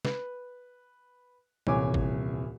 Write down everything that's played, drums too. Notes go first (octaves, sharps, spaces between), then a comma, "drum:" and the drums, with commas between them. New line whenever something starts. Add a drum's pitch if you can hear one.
B4, drum: snare
D#1 C2 E3 C#5 G#5 D6, drum: tom
drum: kick